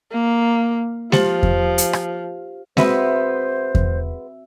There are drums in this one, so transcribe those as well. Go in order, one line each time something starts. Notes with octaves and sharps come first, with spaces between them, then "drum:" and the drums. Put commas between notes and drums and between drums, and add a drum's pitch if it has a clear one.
A#3
F3 G4 C5, drum: snare G#3
drum: kick E2
drum: hi-hat
drum: rim click
G#3 B3 C4 F#4 B4 C5 E5, drum: snare G#3
drum: kick E2